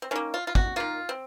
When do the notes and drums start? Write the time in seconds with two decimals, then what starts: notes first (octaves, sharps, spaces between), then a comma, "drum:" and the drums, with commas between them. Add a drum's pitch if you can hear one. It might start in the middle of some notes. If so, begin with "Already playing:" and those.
0.02 C4
0.11 D#3 A#3 C#4
0.34 F4
0.47 F4
0.55 F#4, drum: kick
0.76 D#3 A#3 F4
1.09 C4